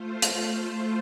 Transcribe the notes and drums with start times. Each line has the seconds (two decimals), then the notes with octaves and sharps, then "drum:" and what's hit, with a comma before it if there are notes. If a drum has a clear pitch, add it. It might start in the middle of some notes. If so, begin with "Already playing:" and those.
Already playing: A3 F4 C5
0.22 drum: hi-hat